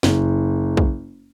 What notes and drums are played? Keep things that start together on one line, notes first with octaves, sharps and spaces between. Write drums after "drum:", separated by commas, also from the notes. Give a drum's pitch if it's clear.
F#1, drum: snare
drum: kick